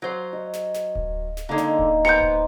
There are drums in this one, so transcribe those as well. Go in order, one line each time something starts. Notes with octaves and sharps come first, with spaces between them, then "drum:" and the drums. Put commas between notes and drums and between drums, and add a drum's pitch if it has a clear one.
F#3 C5 F5
D#5
drum: snare
drum: snare
drum: kick D1
drum: snare
D3 G#3 A#3 D#4
drum: snare
drum: kick D1
B3 C5 G5 A#5 G6 C#7
drum: kick D1